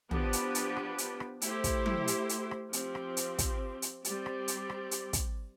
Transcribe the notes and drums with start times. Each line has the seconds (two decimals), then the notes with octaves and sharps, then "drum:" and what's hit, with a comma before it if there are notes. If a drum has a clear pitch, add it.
0.11 F3 B3 D4 G4 B4, drum: tom
0.33 drum: hi-hat
0.55 drum: hi-hat
0.77 drum: rim click
0.98 drum: hi-hat
1.20 drum: rim click
1.42 A3 E4 G4 C5, drum: hi-hat
1.64 drum: kick, hi-hat
1.86 drum: tom F#3
2.08 drum: hi-hat
2.29 drum: hi-hat
2.51 drum: rim click
2.73 F3 C4 G4, drum: hi-hat
2.95 drum: rim click
3.17 drum: hi-hat
3.38 drum: kick, hi-hat
3.82 drum: hi-hat
4.05 G3 C4 G4 D5, drum: hi-hat
4.26 drum: rim click
4.48 drum: hi-hat
4.69 drum: rim click
4.91 drum: hi-hat
5.13 drum: kick, hi-hat